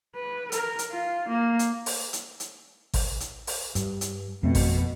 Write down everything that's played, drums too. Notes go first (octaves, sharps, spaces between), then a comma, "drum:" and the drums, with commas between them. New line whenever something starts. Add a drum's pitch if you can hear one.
B4
A#4, drum: hi-hat
drum: hi-hat
F4
A#3
drum: hi-hat
drum: open hi-hat
drum: hi-hat
drum: hi-hat
drum: kick, open hi-hat
drum: hi-hat
drum: open hi-hat
G2, drum: hi-hat
drum: hi-hat
F2 B2 A3 C4
drum: kick, open hi-hat